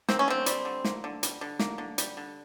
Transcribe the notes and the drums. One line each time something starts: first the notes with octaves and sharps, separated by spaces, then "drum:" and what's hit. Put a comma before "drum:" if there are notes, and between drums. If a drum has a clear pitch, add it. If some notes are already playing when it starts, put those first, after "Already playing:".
A#3 C4, drum: snare
C#4
D3 C4
G3, drum: hi-hat
D3
A#3, drum: snare
D3
G3, drum: hi-hat
D3
A#3, drum: snare
D3
G3, drum: hi-hat
D3